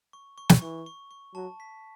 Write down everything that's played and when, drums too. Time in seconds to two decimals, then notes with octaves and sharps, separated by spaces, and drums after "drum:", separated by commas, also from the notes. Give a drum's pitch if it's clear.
0.13 C#6
0.38 C#6
0.49 drum: snare
0.62 E3 C#6
0.86 C#6
1.11 C#6
1.35 F#3 A5
1.60 B6